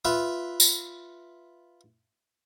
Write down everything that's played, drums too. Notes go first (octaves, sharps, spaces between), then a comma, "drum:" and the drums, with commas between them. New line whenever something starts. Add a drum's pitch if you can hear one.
F4 B4 E5
drum: tambourine